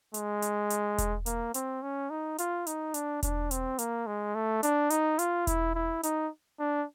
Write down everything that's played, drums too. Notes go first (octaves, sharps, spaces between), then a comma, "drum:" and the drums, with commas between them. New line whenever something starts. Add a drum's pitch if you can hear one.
G#3, drum: hi-hat
drum: hi-hat
drum: hi-hat
drum: kick E1, hi-hat
A#3, drum: hi-hat
C4, drum: hi-hat
C#4
D#4
F4, drum: hi-hat
D#4, drum: hi-hat
D4, drum: hi-hat
D4, drum: kick E1, hi-hat
C4, drum: hi-hat
A#3, drum: hi-hat
G#3
A3
D4, drum: hi-hat
D#4, drum: hi-hat
F4, drum: hi-hat
E4, drum: kick E1, hi-hat
E4
D#4, drum: hi-hat
D4